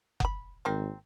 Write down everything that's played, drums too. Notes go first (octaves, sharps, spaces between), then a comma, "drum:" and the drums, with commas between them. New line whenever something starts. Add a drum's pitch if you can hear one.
F#5 B5, drum: kick F#1
G#1 A#3 C4